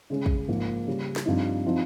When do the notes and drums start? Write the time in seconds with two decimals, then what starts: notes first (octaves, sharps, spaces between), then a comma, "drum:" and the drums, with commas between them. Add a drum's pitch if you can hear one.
0.10 C#3 G#3 C#4
0.26 drum: kick
0.48 G#2 F3 A#3
0.87 C#3 G3 C#4
1.16 drum: snare
1.26 G2 F3 C4 D#4
1.67 F3 C4 D#4